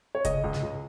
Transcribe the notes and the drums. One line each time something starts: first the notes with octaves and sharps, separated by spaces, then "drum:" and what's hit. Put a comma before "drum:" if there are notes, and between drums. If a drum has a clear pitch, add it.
C#5
C#2 D#5, drum: kick F#1, hi-hat
C#2
drum: snare
C#2